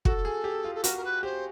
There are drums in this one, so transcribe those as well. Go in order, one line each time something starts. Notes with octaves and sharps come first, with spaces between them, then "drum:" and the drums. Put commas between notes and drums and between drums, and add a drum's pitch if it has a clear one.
F#4 A4, drum: kick
G#4
G4
F4
A4
F#4 A#4, drum: hi-hat
A#4
B4
G4 C5